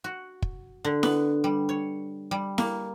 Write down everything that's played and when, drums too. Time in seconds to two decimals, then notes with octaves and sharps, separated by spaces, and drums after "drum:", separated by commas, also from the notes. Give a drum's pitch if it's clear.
0.04 F#4
0.42 drum: kick
0.85 D3
1.03 B3, drum: snare E4
1.44 G3
1.69 C#5
2.31 G3
2.58 A#3, drum: snare E4